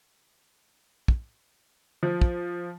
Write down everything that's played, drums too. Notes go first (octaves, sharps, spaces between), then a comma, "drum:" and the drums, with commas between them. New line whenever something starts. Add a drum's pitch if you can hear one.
drum: kick
F3
drum: kick